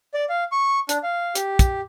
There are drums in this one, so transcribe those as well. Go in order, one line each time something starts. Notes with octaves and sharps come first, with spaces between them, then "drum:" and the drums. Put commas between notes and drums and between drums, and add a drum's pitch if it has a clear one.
D5
F5
C#6
D4, drum: hi-hat
F5
G4, drum: hi-hat
drum: kick, hi-hat